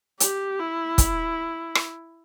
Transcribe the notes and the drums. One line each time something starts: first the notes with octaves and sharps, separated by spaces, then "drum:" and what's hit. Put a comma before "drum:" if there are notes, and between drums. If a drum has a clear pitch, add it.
G4, drum: hi-hat
E4
drum: kick, hi-hat
drum: rim click